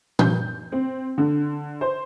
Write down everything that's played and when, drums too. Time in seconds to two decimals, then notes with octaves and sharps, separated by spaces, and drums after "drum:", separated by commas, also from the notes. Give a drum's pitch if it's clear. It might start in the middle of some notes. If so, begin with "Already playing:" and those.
0.19 G6, drum: tom A#2
0.72 C4
1.18 D3
1.81 C5